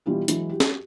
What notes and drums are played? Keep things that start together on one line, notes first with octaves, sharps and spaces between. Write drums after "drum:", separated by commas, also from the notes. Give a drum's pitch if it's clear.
B2 E3 G3 F4 G4
E3 F#3 G#3, drum: hi-hat
F#4 G4
drum: snare